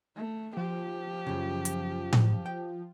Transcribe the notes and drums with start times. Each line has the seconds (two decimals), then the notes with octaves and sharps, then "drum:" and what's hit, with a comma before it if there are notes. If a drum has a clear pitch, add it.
0.16 A3
0.57 F3 G4
1.26 F#2 C#3
1.65 drum: hi-hat
2.13 drum: tom A2
2.46 G5